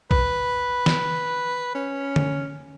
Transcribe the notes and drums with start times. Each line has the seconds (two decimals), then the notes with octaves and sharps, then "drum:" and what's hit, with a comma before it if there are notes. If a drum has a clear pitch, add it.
0.11 B4, drum: kick A#1
0.86 drum: snare
1.75 C#4
2.16 drum: tom D3